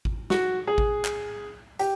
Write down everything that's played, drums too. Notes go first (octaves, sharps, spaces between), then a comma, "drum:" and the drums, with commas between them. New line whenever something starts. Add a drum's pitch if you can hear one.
drum: kick G#1
F#4, drum: snare
G#4
drum: kick G#1
drum: clap
G4, drum: hi-hat